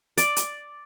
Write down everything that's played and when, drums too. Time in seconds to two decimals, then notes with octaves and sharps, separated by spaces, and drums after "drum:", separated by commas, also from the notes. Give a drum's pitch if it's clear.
0.18 D5, drum: hi-hat
0.36 drum: hi-hat